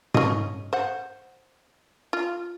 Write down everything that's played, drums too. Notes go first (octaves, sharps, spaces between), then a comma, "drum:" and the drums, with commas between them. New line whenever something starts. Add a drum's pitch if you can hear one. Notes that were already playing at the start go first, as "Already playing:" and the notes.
C#4 D#5, drum: tom G#2
C5 F#5
F4